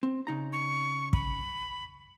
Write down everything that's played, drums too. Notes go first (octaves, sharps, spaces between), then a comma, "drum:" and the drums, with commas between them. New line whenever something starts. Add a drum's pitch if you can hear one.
C4
C#3 D#4 A#5
C#6
B5, drum: kick